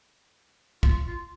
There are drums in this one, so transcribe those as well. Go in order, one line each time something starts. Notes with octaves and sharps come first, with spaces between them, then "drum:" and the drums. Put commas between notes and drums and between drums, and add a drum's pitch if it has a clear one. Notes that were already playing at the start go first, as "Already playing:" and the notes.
F4, drum: kick
F4